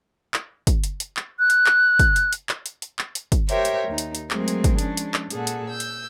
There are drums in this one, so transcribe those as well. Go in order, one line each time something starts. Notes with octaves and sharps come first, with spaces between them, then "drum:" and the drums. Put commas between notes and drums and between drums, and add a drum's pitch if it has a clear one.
drum: clap
drum: kick, hi-hat
drum: hi-hat
drum: hi-hat
drum: clap
F#6
drum: hi-hat
drum: clap
drum: kick, hi-hat
drum: hi-hat
drum: hi-hat
drum: clap
drum: hi-hat
drum: hi-hat
drum: clap
drum: hi-hat
drum: kick, hi-hat
G4 A#4 C5 C#5 E5 G5, drum: hi-hat
drum: hi-hat
D#2 D#4
drum: hi-hat
drum: hi-hat
F#3 G#3 A3 C4 G#4 A#4, drum: clap
drum: hi-hat
drum: kick, hi-hat
F3 G#3 C#4 D4, drum: hi-hat
drum: hi-hat
drum: clap
A#2 G#4 A4 F#5, drum: hi-hat
drum: hi-hat
E6 G6
drum: hi-hat